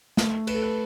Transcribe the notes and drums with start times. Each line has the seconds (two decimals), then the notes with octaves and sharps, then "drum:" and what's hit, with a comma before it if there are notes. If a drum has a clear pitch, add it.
0.17 A3, drum: snare
0.47 B4, drum: cymbal
0.54 A4
0.62 B4